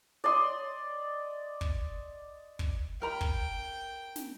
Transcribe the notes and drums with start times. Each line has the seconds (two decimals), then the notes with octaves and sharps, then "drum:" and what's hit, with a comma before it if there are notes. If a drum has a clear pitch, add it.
0.24 D5 D#5 C6
1.61 drum: kick
2.59 drum: kick
3.02 A#4 G5 A#5 B5
3.21 drum: kick
4.16 drum: snare